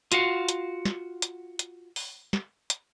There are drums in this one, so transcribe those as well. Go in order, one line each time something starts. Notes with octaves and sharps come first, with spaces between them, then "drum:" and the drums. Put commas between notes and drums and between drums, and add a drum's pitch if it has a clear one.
F4 F#4 F5 F#5, drum: hi-hat
drum: hi-hat
drum: snare
drum: hi-hat
drum: hi-hat
drum: open hi-hat
drum: snare
drum: hi-hat